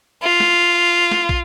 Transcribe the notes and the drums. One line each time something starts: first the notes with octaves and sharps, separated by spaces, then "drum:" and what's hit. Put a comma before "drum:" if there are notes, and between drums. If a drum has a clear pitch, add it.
F4
drum: snare
drum: snare
drum: kick